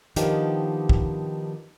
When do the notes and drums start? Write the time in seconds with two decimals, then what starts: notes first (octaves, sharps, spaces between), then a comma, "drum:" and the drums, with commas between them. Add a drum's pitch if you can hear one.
0.16 D#3 F3 B3 D4 D#4 G4, drum: hi-hat
0.89 drum: kick